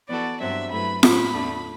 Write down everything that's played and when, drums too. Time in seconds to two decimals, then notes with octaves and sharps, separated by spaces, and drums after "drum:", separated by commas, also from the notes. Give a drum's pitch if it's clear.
0.09 E3 B3 F#4 A4 D5
0.40 G2 F#3 C4 E5
0.71 G2 F#3 A3 E4 B4 B5
1.03 A2 F#3 C4 B5, drum: snare F4
1.34 E2 D3 A3 D4